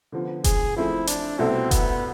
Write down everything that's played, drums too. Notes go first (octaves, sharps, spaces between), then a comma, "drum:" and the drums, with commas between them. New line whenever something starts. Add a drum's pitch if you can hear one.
D3 F3 B3
G#4, drum: kick F1, hi-hat
F3 A3 C4 E4
D4, drum: hi-hat
C2 B2 A3 C4 E4 A4
B3, drum: kick F1, hi-hat